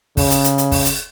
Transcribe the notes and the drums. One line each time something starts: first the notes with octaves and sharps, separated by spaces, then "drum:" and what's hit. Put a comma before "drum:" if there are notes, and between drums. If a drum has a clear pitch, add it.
C#3, drum: kick, open hi-hat
drum: hi-hat
drum: hi-hat
drum: hi-hat
drum: kick, open hi-hat
drum: hi-hat